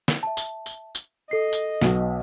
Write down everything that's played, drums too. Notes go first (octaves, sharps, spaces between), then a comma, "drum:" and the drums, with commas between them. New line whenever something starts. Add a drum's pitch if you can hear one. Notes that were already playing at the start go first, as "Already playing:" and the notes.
drum: snare
E5 A5
drum: tambourine
drum: tambourine
drum: tambourine
A4 D#5 C7
drum: tambourine
B1 B2, drum: snare